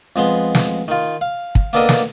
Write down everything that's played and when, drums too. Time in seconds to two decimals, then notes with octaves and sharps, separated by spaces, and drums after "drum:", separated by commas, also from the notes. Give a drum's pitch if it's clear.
0.16 F2 G#3 B3 C6
0.55 drum: snare
0.88 D#3 F4
1.21 F5
1.55 drum: kick
1.73 A#3 B3 D4 A4 A#4 D#5
1.89 drum: snare